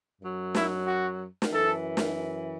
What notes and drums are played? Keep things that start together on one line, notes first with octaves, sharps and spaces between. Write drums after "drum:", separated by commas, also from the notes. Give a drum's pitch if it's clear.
F#2 F#3
E4, drum: snare
F#4
drum: snare
F#2 E3 A4
drum: snare